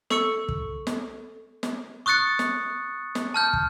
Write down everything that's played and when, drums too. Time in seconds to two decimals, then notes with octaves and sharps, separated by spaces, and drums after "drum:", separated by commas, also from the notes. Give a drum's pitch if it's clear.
0.10 A4 C#6 E6 C#7, drum: snare
0.49 drum: kick
0.87 drum: snare
1.63 drum: snare
2.06 C#6 D#6 F#6 A6 C#7
2.39 drum: snare
3.15 drum: snare
3.34 A5 F6 G6
3.53 drum: kick